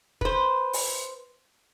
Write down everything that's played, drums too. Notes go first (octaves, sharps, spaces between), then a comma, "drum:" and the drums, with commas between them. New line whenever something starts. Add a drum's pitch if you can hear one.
B4 C5, drum: kick
drum: open hi-hat